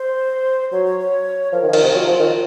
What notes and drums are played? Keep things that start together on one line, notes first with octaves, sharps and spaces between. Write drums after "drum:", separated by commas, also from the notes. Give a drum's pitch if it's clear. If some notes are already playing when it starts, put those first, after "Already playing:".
Already playing: C5
F#3 C#5
C#5
C#5
F3 A#4
D#3
F3
D#3 A#4, drum: cymbal
C3
F#3 F4
F3
F4
D#3